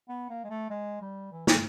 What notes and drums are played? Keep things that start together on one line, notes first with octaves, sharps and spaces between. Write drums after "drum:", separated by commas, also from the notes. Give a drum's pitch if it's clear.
B3
A#3
G#3
A3
G#3
G3
E3
C#3, drum: snare